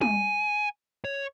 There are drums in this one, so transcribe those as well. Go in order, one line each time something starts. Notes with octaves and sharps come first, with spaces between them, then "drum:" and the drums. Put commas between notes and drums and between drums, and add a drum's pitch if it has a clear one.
G#5, drum: tom
C#5